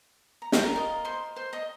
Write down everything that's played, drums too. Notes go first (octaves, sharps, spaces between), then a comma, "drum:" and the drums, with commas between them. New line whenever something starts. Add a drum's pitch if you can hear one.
A#5
G5, drum: snare
A#4 A#5
F4 A#4 D#5
C5 C6
C5 C6
D#5 D#6